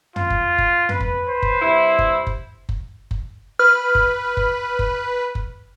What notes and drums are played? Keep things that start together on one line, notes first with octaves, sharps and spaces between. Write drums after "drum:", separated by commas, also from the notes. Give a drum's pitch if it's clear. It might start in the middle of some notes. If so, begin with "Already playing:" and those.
F4, drum: tom
drum: kick F#1
drum: kick F#1
B4, drum: tom
drum: kick F#1
C5
drum: kick F#1
G2 C3 E4
drum: kick F#1
drum: kick F#1
drum: kick F#1
drum: kick F#1
B4 F6
drum: kick F#1
drum: kick F#1
drum: kick F#1
drum: kick F#1